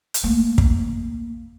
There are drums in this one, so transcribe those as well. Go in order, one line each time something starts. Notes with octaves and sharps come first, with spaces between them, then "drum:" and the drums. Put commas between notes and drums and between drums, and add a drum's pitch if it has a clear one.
drum: hi-hat
A3 A#3
drum: kick